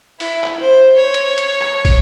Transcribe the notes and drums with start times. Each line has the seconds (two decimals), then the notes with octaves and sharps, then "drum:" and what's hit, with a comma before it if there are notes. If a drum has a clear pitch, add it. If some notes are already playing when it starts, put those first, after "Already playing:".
0.20 E4, drum: open hi-hat
0.44 drum: clap
0.60 C5
0.96 C#5
1.14 drum: hi-hat
1.38 drum: hi-hat
1.61 drum: clap
1.85 drum: kick, open hi-hat